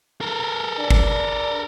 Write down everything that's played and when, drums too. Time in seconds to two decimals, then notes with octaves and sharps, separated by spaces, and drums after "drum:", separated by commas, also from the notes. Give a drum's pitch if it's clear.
0.21 A4 A#4
0.79 D4
0.90 drum: kick